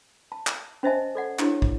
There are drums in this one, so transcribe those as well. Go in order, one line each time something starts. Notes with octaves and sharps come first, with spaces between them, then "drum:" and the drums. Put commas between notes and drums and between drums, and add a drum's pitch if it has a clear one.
A5
drum: clap
C#4 C5 D#5 E5 G#5 A5
A4 D5 F#5
D4 E4 G4 C#5, drum: clap
drum: kick